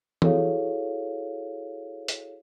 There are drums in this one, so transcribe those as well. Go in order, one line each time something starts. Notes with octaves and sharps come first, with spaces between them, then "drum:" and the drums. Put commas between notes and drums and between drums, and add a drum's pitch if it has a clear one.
E4 F#4 G#4 A4 C#5 F5, drum: tom
drum: hi-hat